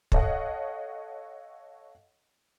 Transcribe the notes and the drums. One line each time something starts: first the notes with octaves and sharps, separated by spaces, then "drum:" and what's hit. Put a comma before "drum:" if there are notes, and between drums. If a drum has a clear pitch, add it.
A4 C#5 D#5 F5 F#5, drum: kick